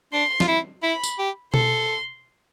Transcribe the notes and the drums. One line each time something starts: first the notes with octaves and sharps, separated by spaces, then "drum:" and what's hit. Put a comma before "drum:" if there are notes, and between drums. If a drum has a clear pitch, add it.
D4 C6
F4, drum: snare
E4
E4 B5
drum: tambourine
G4
A4 C6, drum: tom B2